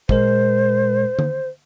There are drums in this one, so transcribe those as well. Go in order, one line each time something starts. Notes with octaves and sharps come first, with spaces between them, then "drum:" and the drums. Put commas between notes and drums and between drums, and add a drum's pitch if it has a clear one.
A#2 G#3 A#4 C5, drum: kick
drum: tom D3